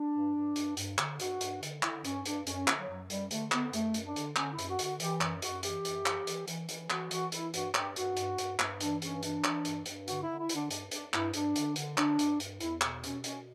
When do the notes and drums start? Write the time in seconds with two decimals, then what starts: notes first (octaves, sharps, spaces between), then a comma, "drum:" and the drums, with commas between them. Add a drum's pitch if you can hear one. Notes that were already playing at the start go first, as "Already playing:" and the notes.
Already playing: D4
0.14 G2
0.35 G2
0.56 G2, drum: hi-hat
0.77 G2, drum: hi-hat
0.98 D3, drum: clap
1.19 G2 F#4, drum: hi-hat
1.41 G2, drum: hi-hat
1.63 D3, drum: hi-hat
1.83 D3 E4, drum: clap
2.04 G2 C#4, drum: hi-hat
2.25 G2 D4, drum: hi-hat
2.47 F#2 C#4, drum: hi-hat
2.67 D3, drum: clap
2.79 F#3
2.88 F#2
3.10 F#2 G3, drum: hi-hat
3.31 D3 A3, drum: hi-hat
3.52 D3 B3, drum: clap
3.68 B3
3.73 F#2 A3, drum: hi-hat
3.94 F#2, drum: hi-hat
4.05 D4
4.16 D3, drum: hi-hat
4.36 D3 C#4, drum: clap
4.53 E4
4.58 F#2, drum: hi-hat
4.68 F#4
4.79 D3, drum: hi-hat
4.84 F#4
5.00 E3 G4, drum: hi-hat
5.21 F#2, drum: clap
5.42 F#2 F#4, drum: hi-hat
5.63 E3 G4, drum: hi-hat
5.85 F#2, drum: hi-hat
6.06 E3, drum: clap
6.27 E3, drum: hi-hat
6.47 E3, drum: hi-hat
6.69 E3, drum: hi-hat
6.90 E3 F#4, drum: clap
7.11 E3 F#4, drum: hi-hat
7.32 E3 E4, drum: hi-hat
7.54 G2 F#4, drum: hi-hat
7.74 G2 G4, drum: clap
7.96 G2 F#4, drum: hi-hat
8.16 G2, drum: hi-hat
8.38 G2, drum: hi-hat
8.59 G2, drum: clap
8.80 E3 D4, drum: hi-hat
9.02 G2 C#4, drum: hi-hat
9.23 E3 D4, drum: hi-hat
9.44 E3, drum: clap
9.65 G2, drum: hi-hat
9.86 G2, drum: hi-hat
10.08 D3 F#4, drum: hi-hat
10.23 D3 E4
10.39 E4
10.49 D3, drum: hi-hat
10.55 D4
10.70 G2 D4, drum: hi-hat
10.91 G2 D4, drum: hi-hat
11.14 G2 E4, drum: clap
11.33 G2 D4, drum: hi-hat
11.56 D3, drum: hi-hat
11.76 D3, drum: hi-hat
11.98 D3 D4, drum: clap
12.19 G2, drum: hi-hat
12.40 G2, drum: hi-hat
12.60 E2 E4, drum: hi-hat
12.81 B2, drum: clap
13.03 B2 C#4, drum: hi-hat
13.24 B2 C#4, drum: hi-hat